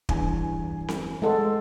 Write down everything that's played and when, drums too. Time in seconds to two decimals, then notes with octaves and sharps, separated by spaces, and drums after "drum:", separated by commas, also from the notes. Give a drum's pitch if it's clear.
0.09 E2 G2 G#5, drum: kick
0.88 drum: snare C4
1.22 G#3 A4 D#5 F#5 C6